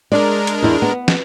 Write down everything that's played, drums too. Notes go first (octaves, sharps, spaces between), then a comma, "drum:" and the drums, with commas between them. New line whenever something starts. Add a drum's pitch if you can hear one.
G#3 D4 A#4 D5
drum: hi-hat
E2 E4
B3
drum: snare